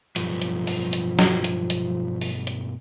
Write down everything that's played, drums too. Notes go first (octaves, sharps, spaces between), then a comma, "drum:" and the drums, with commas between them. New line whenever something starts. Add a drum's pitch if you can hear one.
B1 G2 F3, drum: hi-hat
drum: hi-hat
drum: open hi-hat
drum: hi-hat
drum: snare
drum: hi-hat
drum: hi-hat
drum: open hi-hat
drum: hi-hat